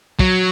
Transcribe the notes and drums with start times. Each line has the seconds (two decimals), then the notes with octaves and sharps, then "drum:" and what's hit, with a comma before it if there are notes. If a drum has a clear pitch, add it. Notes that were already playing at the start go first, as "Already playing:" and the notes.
0.19 F#3, drum: kick